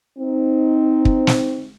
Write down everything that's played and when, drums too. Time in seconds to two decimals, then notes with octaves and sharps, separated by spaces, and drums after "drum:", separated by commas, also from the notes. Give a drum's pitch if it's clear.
0.18 C4 D#4
1.05 drum: kick
1.27 drum: snare